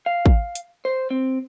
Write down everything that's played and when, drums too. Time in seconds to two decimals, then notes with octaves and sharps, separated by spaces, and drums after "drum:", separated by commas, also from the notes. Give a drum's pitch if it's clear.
0.06 F5
0.26 drum: kick
0.55 drum: hi-hat
0.85 C5
1.10 C4